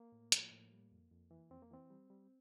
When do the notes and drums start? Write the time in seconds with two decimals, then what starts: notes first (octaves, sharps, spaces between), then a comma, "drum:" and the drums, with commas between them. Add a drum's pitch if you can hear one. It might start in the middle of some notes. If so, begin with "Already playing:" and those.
Already playing: A#3
0.12 A2
0.32 F3, drum: hi-hat
0.52 A2
0.72 G3
0.92 F2
1.11 F2
1.31 E3
1.50 F2 C4
1.62 A#3
1.71 E3 C4
1.90 G3
2.10 G3